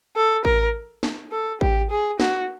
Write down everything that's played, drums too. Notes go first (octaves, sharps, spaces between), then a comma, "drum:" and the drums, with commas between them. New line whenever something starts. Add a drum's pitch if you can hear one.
A4
A#4, drum: kick A1
drum: snare
A4
G4, drum: kick A1
G#4
F#4, drum: snare